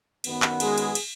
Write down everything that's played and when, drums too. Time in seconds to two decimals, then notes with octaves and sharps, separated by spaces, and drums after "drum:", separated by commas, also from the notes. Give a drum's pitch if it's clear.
0.24 F#2 D#3 F#3 B3, drum: cymbal
0.42 drum: clap
0.60 G#3 G#4, drum: cymbal
0.78 drum: cymbal
0.95 drum: cymbal